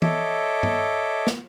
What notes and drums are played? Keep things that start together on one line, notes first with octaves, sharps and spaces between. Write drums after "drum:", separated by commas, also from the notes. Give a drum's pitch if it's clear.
A4 C#5 D#5 E5 D6, drum: tom
drum: tom G2
drum: snare